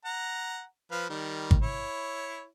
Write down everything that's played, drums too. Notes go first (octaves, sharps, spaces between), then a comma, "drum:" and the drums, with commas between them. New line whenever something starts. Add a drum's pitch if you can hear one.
F#5 A#5
F3 B4 F5
D#3 G3
drum: kick
E4 C#5